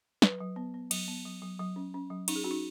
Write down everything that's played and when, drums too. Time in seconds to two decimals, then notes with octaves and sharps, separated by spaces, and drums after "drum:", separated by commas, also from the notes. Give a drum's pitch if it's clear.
0.22 F#3 B4, drum: snare
0.40 F#3
0.56 B3
0.74 B3
0.91 F#3, drum: cymbal
1.07 B3
1.25 F#3
1.42 F#3
1.60 F#3
1.76 C#4
1.94 C#4
2.10 F#3
2.28 C#4 D#4, drum: cymbal
2.36 G#4
2.44 C#4 F#4
2.51 D#4